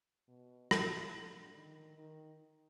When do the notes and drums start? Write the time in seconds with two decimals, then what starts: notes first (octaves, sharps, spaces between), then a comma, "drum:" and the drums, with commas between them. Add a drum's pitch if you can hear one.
0.28 B2
0.71 A2, drum: rim click
1.13 D3
1.55 D#3
1.97 D#3